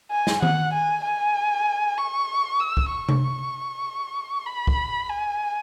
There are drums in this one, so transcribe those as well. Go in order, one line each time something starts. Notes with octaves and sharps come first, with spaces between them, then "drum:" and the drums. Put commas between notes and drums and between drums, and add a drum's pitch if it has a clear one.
G#5
drum: snare
F#5, drum: tom D#3
G#5
G#5
C#6
E6
drum: kick
C#6
drum: tom C3
B5
drum: kick
G#5